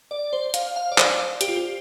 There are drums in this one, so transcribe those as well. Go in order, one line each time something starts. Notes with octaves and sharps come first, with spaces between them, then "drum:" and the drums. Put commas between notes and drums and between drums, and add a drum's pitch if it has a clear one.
D5
C5
F5, drum: hi-hat
F5
D5
C5, drum: clap
G4, drum: hi-hat
F4
G4